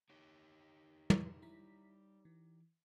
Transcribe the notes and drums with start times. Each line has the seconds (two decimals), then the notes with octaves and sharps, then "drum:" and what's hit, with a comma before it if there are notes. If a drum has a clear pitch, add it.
0.10 D#4 G4 C#5
1.10 G3, drum: tom
1.42 E4 A#5 B6
2.25 E3